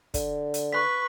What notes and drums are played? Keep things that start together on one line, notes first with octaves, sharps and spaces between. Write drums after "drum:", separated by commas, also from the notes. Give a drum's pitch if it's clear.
D3, drum: kick, hi-hat
drum: hi-hat
B4 C#6 F#6 B6